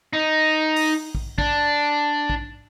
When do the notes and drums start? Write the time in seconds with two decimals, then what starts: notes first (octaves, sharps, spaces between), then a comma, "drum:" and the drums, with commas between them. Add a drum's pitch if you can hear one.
0.13 D#4
0.76 drum: open hi-hat
1.15 drum: kick
1.38 D4, drum: kick
2.30 drum: kick